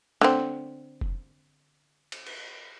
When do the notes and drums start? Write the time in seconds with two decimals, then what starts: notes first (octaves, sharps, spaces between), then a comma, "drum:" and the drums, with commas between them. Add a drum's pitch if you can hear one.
0.21 D3 C4, drum: snare
1.01 drum: kick F1
2.12 drum: cymbal
2.26 drum: cymbal